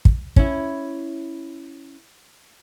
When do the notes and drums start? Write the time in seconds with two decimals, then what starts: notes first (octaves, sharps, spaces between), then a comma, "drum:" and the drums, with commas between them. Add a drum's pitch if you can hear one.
0.05 drum: kick
0.36 C#4 E4, drum: kick